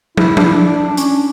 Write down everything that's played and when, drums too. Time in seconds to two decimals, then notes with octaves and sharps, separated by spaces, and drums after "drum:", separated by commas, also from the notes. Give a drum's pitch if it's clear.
0.17 E4, drum: tom
0.37 D4, drum: tom
0.46 E4
0.53 D4
0.89 D4
0.97 C#4, drum: hi-hat